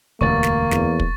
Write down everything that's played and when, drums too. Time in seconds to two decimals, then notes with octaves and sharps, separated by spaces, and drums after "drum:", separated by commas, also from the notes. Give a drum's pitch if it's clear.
0.21 E1 D2 G2 A#3 C#6 A6
0.43 drum: snare
0.71 E2, drum: snare
1.00 drum: kick